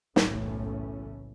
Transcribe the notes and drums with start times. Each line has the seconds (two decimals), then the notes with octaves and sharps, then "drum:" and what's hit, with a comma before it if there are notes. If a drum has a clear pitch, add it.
0.16 F#1 B1 A2 E3 A3 C#4, drum: snare